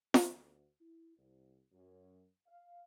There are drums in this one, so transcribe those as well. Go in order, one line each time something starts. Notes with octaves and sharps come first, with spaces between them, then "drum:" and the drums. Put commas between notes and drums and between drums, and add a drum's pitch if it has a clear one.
D2, drum: snare
E4
C2
F#2
F5